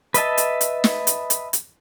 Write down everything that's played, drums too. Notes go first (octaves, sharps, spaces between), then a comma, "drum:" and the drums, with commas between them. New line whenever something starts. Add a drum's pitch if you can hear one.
B4 D#5 E5 A5, drum: hi-hat
drum: hi-hat
drum: hi-hat
drum: snare
drum: hi-hat
drum: hi-hat
drum: hi-hat